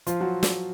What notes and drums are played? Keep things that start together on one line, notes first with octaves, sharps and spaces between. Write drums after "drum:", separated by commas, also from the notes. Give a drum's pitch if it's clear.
F3 F4, drum: hi-hat
F#3 F#4
drum: snare